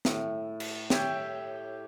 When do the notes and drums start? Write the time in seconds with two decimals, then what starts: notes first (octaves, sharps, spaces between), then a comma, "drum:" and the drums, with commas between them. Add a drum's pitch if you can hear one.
0.05 A2, drum: snare
0.60 drum: cymbal
0.90 G4 C#5 E5 G5, drum: snare